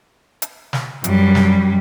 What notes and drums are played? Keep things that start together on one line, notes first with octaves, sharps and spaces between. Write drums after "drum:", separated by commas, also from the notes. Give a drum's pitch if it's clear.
drum: hi-hat
drum: snare
F#2 G3, drum: hi-hat
drum: snare